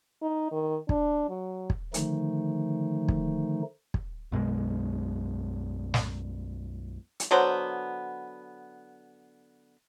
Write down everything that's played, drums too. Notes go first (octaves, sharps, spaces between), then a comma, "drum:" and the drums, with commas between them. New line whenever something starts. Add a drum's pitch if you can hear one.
D#4
D#3
D4, drum: kick
F#3
drum: kick
D3 D#3 F3 A3 D#4, drum: hi-hat
drum: kick
drum: kick
B1 F#2 B2 G#3
drum: snare
drum: hi-hat
D3 F#3 B3 C5